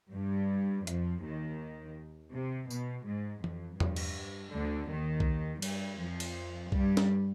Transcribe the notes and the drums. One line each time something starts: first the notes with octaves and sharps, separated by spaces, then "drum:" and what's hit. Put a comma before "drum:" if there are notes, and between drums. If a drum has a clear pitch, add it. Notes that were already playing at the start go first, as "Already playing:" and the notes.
G2 G3
F2 F3, drum: hi-hat
D#2 D#3
C3
B2, drum: tambourine
G#2
F2, drum: tom E3
G2, drum: tom E2
drum: cymbal
D2 D3
D#2 D#3
drum: kick
G2 G3, drum: cymbal
F2 F3
drum: cymbal
G2 G3, drum: kick
drum: snare